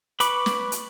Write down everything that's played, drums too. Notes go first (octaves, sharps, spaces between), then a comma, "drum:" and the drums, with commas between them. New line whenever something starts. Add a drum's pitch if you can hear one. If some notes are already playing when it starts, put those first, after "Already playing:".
B4 B5 C#6 D6, drum: hi-hat
drum: snare
drum: hi-hat